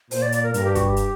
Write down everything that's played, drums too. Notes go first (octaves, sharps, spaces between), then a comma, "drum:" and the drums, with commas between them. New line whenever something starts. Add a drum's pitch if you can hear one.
A#2 C5, drum: open hi-hat
D5
D5, drum: hi-hat
A#4
G2 A#4, drum: hi-hat
G4
F#4, drum: kick, hi-hat
G4
drum: hi-hat